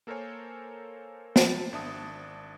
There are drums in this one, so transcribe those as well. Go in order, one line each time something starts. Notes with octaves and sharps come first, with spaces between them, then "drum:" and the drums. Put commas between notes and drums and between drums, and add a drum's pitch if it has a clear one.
A#3 A4 A#4 C5 C#5 G#5
A5 B5 A6, drum: snare
G#1 D4 E5 A5 D#6